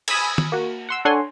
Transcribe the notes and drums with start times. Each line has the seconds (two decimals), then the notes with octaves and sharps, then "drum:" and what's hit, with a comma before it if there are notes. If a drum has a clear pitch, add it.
0.08 G#5 B5 D#6 E6 G#6, drum: cymbal
0.38 drum: tom D#3
0.52 A#3 F#4
0.89 F#5 C6 E6
1.05 D4 A4 C#5 F#5 G#5 C6